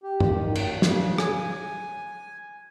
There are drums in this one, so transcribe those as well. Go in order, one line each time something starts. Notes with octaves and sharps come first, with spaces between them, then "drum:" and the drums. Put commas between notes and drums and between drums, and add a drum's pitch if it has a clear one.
G4
drum: tom
D#3
drum: cymbal
C#3, drum: snare
G#5, drum: rim click